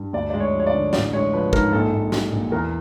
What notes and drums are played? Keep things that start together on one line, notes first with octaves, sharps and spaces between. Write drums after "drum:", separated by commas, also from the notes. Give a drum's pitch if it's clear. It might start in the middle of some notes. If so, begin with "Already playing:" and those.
Already playing: G2
D2 D5
G#3 D5
C#5
F3
C#5
D5
D3
A1 D5, drum: snare
G#3 C#5
F3 B4
G#2 A#4, drum: kick
A#1 A4
A#1
G3, drum: snare
A#2
E2 A#4